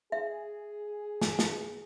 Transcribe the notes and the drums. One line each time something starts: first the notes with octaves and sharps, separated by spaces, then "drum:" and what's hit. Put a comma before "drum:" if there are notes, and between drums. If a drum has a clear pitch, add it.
G#4 E5
G#5, drum: snare
drum: snare